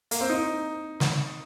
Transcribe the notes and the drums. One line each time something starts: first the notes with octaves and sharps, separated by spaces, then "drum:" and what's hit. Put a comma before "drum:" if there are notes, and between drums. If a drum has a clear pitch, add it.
A#3, drum: hi-hat
C4
D#4
drum: snare